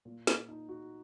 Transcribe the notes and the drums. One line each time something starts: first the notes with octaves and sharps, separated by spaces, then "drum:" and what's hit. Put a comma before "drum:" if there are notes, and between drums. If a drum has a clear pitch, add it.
A#2
A#3, drum: snare
D#4
F#4